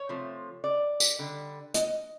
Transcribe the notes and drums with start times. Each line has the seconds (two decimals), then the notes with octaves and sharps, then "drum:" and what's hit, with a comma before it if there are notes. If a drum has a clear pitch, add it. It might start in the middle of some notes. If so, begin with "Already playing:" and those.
Already playing: C#5
0.09 C3 F3 A3
0.64 D5
1.00 drum: tambourine
1.19 D3 G3
1.74 D#5, drum: hi-hat